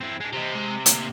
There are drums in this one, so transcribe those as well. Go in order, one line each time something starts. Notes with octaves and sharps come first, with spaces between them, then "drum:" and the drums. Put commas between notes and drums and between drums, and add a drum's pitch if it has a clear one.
E3 C4
G#3 D4
C3 G4 D#5
G#3
D2 A#3, drum: hi-hat